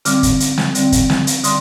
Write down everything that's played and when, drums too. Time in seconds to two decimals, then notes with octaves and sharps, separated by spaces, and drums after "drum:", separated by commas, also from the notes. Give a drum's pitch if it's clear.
0.05 D3 G3 C4 D6 F6, drum: hi-hat
0.23 drum: kick, hi-hat
0.40 drum: hi-hat
0.58 drum: snare
0.75 D3 G3 C4, drum: hi-hat
0.92 drum: kick, hi-hat
1.10 drum: snare
1.27 drum: hi-hat
1.44 D3 G3 C6 D#6, drum: hi-hat